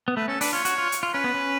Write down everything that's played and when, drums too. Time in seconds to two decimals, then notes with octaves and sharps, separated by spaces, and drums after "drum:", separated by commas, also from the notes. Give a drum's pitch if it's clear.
0.08 B3
0.16 A3 B4
0.28 C#4 A4
0.41 D4 B4, drum: open hi-hat
0.53 F4 C#5
0.65 F#4, drum: hi-hat
0.78 F4
0.92 drum: hi-hat
1.03 F4
1.14 C#4 B4
1.24 B3
1.34 C#4